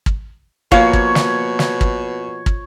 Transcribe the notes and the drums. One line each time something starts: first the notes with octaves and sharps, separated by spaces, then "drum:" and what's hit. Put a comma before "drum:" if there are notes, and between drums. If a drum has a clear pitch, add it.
drum: kick
B2 F3 A#3 C#5 F5, drum: kick
drum: kick
drum: snare
drum: snare
drum: kick
drum: kick